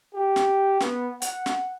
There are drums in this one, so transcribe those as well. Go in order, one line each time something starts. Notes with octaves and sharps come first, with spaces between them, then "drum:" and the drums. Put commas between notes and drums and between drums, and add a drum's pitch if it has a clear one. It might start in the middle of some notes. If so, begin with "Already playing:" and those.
G4
drum: snare
B3, drum: snare
F#5, drum: hi-hat
drum: snare